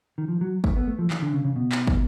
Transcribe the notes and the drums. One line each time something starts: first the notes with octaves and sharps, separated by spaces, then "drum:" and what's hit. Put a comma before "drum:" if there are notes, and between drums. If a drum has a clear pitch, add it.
D#3
F3
F#3
A3, drum: kick
B3
A3
F3
E3, drum: clap
D3
C#3
C#3
B2
drum: clap
drum: kick